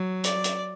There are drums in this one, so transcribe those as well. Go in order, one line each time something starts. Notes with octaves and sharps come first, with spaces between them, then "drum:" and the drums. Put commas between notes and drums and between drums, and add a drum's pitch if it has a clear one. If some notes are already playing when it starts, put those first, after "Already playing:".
Already playing: F#3
D5, drum: hi-hat
drum: hi-hat